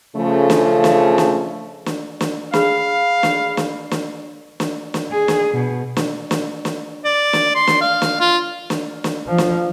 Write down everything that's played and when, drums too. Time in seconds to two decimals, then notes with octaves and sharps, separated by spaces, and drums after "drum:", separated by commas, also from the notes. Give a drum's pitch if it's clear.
0.15 C#3 F3 A3
0.50 drum: snare
0.84 drum: snare
1.18 drum: snare
1.86 drum: snare
2.21 drum: snare
2.54 G#4 F5 B5, drum: snare
3.23 drum: snare
3.57 drum: snare
3.91 drum: snare
4.60 drum: snare
4.94 drum: snare
5.11 G#4
5.28 drum: snare
5.53 B2
5.97 drum: snare
6.31 drum: snare
6.65 drum: snare
7.05 D5
7.33 drum: snare
7.55 C6
7.67 drum: snare
7.81 F5
8.02 drum: snare
8.21 F4
8.70 drum: snare
9.04 drum: snare
9.27 F3
9.38 drum: snare